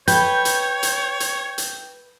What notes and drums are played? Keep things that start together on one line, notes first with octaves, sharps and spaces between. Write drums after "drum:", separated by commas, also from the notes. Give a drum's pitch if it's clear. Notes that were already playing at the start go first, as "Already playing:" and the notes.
B4 C#5 G5 G6, drum: hi-hat
drum: hi-hat
drum: hi-hat
drum: hi-hat
drum: hi-hat